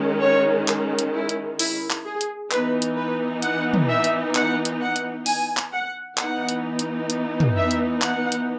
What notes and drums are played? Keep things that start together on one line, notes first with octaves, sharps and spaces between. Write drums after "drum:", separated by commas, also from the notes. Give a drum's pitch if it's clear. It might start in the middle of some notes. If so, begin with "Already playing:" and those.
Already playing: D#3 G#3 C#4
C#5
drum: clap
drum: hi-hat
E4
drum: hi-hat
E4, drum: open hi-hat
drum: clap
G#4
drum: hi-hat
E3 B3 D#4 B4, drum: clap
drum: hi-hat
B4
F#5, drum: hi-hat
drum: tom
E5
drum: hi-hat
F#5, drum: clap
drum: hi-hat
F#5
drum: hi-hat
G#5, drum: open hi-hat
drum: clap
F#5
E3 B3 D#4 F#5, drum: clap
drum: hi-hat
drum: hi-hat
drum: hi-hat
drum: tom
E5
drum: hi-hat
F#5, drum: clap
drum: hi-hat